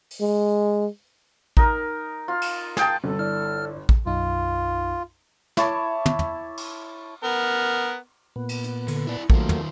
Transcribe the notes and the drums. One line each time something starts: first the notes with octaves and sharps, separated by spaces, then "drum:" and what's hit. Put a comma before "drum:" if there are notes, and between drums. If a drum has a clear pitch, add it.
drum: open hi-hat
G#3
D#4 A#4, drum: kick A1
F4
drum: cymbal
G#4 G5 A5, drum: snare
G1 C4 C#4 F#4 A4
E4 D5 F6
drum: kick A1
B1 F#2 D#4 F4
E4 C#5 A5 D6, drum: snare
drum: tom
drum: tom
drum: cymbal
B3 A#4
A#2 B3
drum: cymbal
drum: hi-hat
D3, drum: cymbal
E4 D5
D#3 F#3 A3 A#3 F4, drum: kick A1
drum: tom